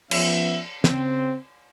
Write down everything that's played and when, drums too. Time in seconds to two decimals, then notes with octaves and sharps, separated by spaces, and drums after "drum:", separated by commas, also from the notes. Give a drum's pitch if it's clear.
0.11 F3 B3 C#4 E5, drum: cymbal
0.84 C#3 C4, drum: snare